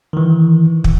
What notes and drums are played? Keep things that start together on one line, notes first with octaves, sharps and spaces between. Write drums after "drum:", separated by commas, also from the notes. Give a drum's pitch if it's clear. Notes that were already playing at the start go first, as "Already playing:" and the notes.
D#3 E3
drum: kick